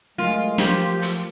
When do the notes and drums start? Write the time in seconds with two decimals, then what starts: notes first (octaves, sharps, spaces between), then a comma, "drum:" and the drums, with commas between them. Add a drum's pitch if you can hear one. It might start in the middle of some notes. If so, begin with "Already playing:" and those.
0.18 F#3 G#3 A3 F4 A#4
0.58 F3 G4, drum: snare
1.02 drum: hi-hat